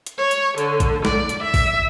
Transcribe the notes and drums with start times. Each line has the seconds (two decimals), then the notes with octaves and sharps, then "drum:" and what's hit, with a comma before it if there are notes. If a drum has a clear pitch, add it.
0.06 drum: hi-hat
0.18 C#5
0.31 drum: hi-hat
0.58 D3, drum: hi-hat
0.80 drum: kick A#1, hi-hat
1.05 D5, drum: snare
1.29 drum: hi-hat
1.43 E5
1.54 drum: kick A#1, open hi-hat